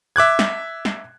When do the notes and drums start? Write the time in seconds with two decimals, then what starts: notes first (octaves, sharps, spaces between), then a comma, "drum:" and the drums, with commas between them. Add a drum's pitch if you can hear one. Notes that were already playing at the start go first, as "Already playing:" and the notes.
0.16 E5 D6 F#6 G#6
0.39 drum: snare
0.85 drum: snare